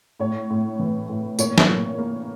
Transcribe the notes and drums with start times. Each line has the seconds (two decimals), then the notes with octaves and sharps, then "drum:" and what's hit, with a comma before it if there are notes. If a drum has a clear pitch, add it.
0.20 A2 C#5
0.50 A2
0.79 E3
1.09 A2
1.39 A#2 C#5, drum: tambourine
1.58 drum: snare
1.68 A#2
1.98 A#3